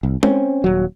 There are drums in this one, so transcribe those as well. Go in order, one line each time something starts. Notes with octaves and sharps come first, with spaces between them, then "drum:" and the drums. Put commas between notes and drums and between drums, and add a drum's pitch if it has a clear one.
C2
C4 C#4, drum: tom G#3
D#1 F#3